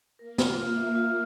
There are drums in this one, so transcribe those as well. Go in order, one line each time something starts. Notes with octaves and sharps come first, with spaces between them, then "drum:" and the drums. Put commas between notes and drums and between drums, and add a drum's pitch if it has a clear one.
A#3 A#4
F4, drum: snare
F4
E5
F4